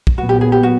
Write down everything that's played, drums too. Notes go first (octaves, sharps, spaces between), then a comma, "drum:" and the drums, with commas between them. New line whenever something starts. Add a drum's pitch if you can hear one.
drum: kick
A#2 F#3 B3 F#4
G4
G#4
G4
F#4